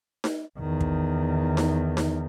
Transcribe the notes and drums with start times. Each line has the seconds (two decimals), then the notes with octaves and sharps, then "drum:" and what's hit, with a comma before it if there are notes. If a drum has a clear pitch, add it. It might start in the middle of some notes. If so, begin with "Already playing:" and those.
0.24 drum: snare D#4
0.59 E2 D#3
0.81 drum: kick
1.57 drum: snare D#4
1.97 drum: snare D#4